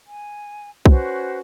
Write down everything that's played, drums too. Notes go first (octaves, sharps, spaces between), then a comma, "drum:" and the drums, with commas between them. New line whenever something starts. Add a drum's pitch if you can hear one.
G#5
C#4 F#4 B4 C5, drum: kick B1